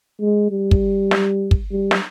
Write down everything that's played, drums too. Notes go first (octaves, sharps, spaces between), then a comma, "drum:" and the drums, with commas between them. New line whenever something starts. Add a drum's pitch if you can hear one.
G#3
G3
drum: kick
drum: snare
drum: kick
G3
drum: snare